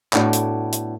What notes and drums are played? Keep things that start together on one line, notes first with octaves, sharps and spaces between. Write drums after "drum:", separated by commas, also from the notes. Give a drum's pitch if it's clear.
A2 B3 D4 F#4, drum: clap
drum: hi-hat
drum: hi-hat